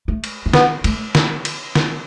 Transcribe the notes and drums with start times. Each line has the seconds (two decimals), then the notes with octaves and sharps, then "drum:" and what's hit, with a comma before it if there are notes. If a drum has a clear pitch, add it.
0.08 A3
0.24 drum: cymbal
0.46 A3
0.53 B3, drum: snare
0.84 A3, drum: cymbal
1.15 drum: snare
1.45 drum: cymbal
1.75 drum: snare